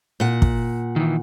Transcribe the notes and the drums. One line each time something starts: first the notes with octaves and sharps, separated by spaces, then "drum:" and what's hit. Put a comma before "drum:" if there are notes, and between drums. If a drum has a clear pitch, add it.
A#2 F#5
drum: kick
D#3 E3